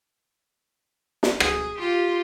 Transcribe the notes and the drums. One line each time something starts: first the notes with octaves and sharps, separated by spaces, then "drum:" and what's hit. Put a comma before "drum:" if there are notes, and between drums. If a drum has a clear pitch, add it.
drum: snare
G#4, drum: rim click
F4 G4